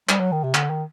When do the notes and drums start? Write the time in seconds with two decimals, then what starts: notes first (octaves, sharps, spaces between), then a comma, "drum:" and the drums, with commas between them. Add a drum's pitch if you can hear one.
0.09 G3, drum: clap
0.20 F#3
0.32 D#3
0.44 C3
0.55 D3, drum: clap
0.70 D#3